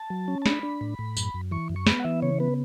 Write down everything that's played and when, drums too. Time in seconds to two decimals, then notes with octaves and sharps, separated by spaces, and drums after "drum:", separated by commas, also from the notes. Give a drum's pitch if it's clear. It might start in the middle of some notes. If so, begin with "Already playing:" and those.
Already playing: A5
0.10 F#3
0.28 C#4
0.42 A5
0.46 D4 B5, drum: snare
0.63 D4
0.81 A2
0.99 A2
1.17 F#2, drum: tambourine
1.34 F#2
1.51 E3 C#6
1.69 F#2
1.76 C#6
1.87 B3 B5, drum: snare
2.00 F#5
2.04 E3 E5
2.22 C#3 C#5
2.40 B3 B4